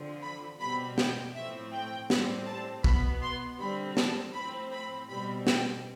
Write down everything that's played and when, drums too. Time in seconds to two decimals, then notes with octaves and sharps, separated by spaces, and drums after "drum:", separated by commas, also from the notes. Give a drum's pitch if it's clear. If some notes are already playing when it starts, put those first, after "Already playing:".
Already playing: D3 F3 C4
0.22 B5
0.60 B2 G3 C4 B5
0.98 G5, drum: snare
1.34 A2 F3 A3 C4 E5
1.72 G5
2.10 A2 G3 C4, drum: snare
2.47 A5
2.84 B2 B3 B5, drum: kick
3.22 C6
3.59 D3 G3 C4 B5
3.97 A5, drum: snare
4.34 A2 F3 C4 B5
4.72 B5
5.09 B2 G3 C4 B5
5.47 G5, drum: snare